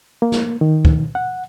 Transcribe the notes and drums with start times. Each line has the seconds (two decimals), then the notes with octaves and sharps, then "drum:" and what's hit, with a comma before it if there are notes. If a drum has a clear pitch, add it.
0.22 A#3
0.32 drum: snare
0.61 D#3
0.85 drum: kick
1.15 F#5